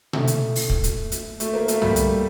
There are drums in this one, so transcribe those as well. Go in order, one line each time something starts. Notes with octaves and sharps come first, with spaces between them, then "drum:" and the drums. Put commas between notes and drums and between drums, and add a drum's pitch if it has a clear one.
A3, drum: tom B2
drum: hi-hat
drum: open hi-hat
drum: kick
drum: hi-hat
drum: hi-hat
A3, drum: hi-hat
A#3
A3, drum: hi-hat
G3, drum: tom
drum: hi-hat